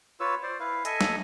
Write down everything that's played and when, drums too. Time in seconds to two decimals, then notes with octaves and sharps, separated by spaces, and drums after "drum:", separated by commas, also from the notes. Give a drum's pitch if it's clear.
0.20 F4 B4 C#5 E6
0.43 C5 D5
0.60 E4 B4 F5
0.85 A4 D#5 E5 G#5, drum: hi-hat
1.01 drum: snare